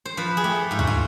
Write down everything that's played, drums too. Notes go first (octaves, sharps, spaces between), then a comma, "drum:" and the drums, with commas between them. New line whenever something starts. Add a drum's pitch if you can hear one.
C5
F3 B4
G#4
A3 G4
G#2 F4
F#4, drum: tom D2
F4